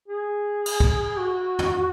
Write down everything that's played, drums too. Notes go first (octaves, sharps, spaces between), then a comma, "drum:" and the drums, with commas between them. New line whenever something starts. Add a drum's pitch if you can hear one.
G#4
drum: cymbal
drum: kick
F#4
drum: tom